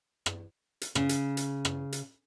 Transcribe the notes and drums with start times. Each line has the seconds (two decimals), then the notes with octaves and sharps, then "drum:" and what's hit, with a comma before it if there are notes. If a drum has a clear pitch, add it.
0.26 drum: rim click
0.81 drum: hi-hat
0.95 C#3, drum: rim click
1.09 drum: hi-hat
1.37 drum: hi-hat
1.65 drum: rim click
1.92 drum: hi-hat